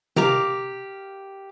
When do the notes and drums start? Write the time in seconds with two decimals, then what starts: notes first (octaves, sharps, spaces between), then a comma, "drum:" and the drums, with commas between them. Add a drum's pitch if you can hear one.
0.16 G4 A#4 F5 D6, drum: tom C3